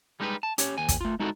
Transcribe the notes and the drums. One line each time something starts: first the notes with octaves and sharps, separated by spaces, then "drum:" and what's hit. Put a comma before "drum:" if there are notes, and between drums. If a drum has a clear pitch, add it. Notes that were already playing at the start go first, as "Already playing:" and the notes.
G3 G#3 D#4 G4 A4 B4
A5
C#4 G4 C#5, drum: hi-hat
D#2 G#5
drum: kick, hi-hat
A3 F4
G#3 D#4 E4 F#4 A4 D5